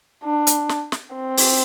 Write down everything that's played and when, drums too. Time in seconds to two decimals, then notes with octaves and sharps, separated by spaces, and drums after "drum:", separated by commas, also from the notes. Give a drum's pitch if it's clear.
0.24 D4
0.47 drum: hi-hat
0.69 drum: snare
0.92 drum: snare
1.15 C4
1.37 drum: open hi-hat